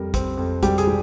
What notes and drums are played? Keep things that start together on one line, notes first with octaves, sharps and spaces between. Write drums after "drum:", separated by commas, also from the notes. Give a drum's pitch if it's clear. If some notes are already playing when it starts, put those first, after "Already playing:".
Already playing: F2 G3 A#4
C4, drum: kick A1, hi-hat
F2
G3 G4, drum: kick A1, hi-hat
G#4, drum: hi-hat
G3